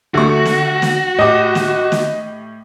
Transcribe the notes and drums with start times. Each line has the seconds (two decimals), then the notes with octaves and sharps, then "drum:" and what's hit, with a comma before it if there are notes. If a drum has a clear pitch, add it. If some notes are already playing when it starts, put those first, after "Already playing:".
0.14 D2 D3 A3 F#4 C#6
0.46 drum: snare
0.82 drum: snare
1.19 A2 G4 D#5 D6 D#6
1.55 drum: snare
1.92 drum: snare